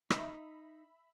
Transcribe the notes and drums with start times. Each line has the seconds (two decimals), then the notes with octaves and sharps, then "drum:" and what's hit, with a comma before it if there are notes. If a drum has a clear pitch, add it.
0.10 D#4 E5 B5, drum: rim click